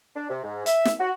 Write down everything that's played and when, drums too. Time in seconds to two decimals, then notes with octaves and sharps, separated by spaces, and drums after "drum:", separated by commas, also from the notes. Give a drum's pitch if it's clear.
0.16 D4
0.30 C3
0.44 G#2
0.66 E5, drum: hi-hat
0.85 drum: snare
1.00 F#4